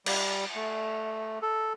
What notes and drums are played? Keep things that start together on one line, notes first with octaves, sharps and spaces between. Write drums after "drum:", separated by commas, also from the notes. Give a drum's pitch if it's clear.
G3, drum: cymbal
A3
A4